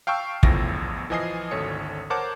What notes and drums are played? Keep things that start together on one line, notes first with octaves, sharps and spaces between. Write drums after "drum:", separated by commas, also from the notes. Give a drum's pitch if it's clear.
F5 G5 A5 C#6 E6
G1 E2 A2 F3 A#6, drum: kick
E3 F3 D#5 G#5 D#6 C7
G#1 D2 A4 C#5 C#7
A#4 C5 C#5 F#5 A5 D6